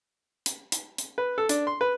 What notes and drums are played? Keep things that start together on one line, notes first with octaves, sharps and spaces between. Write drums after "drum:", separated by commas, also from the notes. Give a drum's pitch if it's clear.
drum: hi-hat
drum: hi-hat
drum: hi-hat
B4
A4
D4, drum: hi-hat
C6
B4